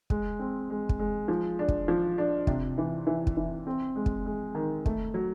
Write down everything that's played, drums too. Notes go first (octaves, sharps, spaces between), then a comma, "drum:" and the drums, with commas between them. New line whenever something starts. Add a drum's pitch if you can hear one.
G#3, drum: kick
C4
G#3
drum: kick
G#3
F3
D4
drum: kick
F3
D4
C3, drum: kick
E3
E3
drum: kick
E3
C4
G#3
drum: kick
G#3
D#3
A3, drum: kick
F#3